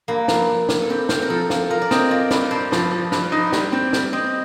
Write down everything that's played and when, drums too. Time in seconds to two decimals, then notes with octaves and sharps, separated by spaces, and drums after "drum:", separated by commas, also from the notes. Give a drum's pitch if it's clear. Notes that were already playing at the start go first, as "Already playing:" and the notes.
0.08 G2 A#3
0.28 F3, drum: snare
0.49 G2
0.69 G2, drum: snare
0.82 A4
0.90 C4 G4
1.09 C4, drum: snare
1.22 A#4
1.30 F3 A4
1.50 F4, drum: snare
1.70 F4 A#4
1.82 D5
1.91 C4 D#5, drum: snare
2.11 F4 D5
2.31 G2 D5, drum: snare
2.51 G2 C5
2.72 F3, drum: snare
2.92 F3
3.12 G2, drum: snare
3.32 D#4 C5
3.52 G3, drum: snare
3.72 C4 D5
3.93 G3, drum: snare
4.13 C4 D#5